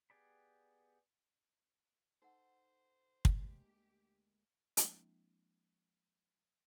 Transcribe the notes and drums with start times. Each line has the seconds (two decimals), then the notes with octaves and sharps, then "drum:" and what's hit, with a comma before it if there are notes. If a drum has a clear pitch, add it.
0.10 B3 G4 G#4 D5 B5
2.22 D#4 A4 C5 F#5
3.25 drum: kick
3.36 D2 G#3 A#3 G4
4.77 F3 G#3 A#3 C4 D4 E4, drum: hi-hat